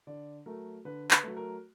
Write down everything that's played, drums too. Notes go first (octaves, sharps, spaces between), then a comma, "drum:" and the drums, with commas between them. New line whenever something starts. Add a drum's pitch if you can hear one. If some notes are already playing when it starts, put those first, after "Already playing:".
D3 D5
F#3 A3 A#4
D3 B4
B4, drum: clap
F#3 A3
A#4